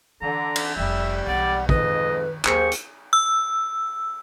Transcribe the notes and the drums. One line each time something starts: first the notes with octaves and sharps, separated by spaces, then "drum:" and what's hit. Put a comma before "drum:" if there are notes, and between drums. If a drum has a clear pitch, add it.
D3 E3 A#5
drum: cymbal
F1 G3 A3 E5
B1 E3 D5 F#5
F2 G#2 D#3 B4 D#5, drum: kick
D#2 F#3 A#3 G4 G#4 C5 C#6, drum: clap
drum: hi-hat
E6